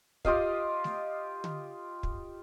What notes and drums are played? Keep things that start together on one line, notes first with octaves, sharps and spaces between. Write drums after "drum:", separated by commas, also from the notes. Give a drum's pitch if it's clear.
F4 G4 D#5 F5, drum: kick
drum: snare A3
drum: tom D3
drum: kick